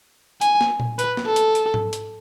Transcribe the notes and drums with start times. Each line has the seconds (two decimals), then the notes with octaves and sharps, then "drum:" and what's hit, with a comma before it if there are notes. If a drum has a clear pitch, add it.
0.41 G#5, drum: hi-hat
0.61 drum: snare
0.80 drum: tom A#2
0.99 B4, drum: hi-hat
1.17 drum: snare
1.27 A4
1.36 drum: hi-hat
1.55 drum: hi-hat
1.74 drum: tom G#2
1.93 drum: hi-hat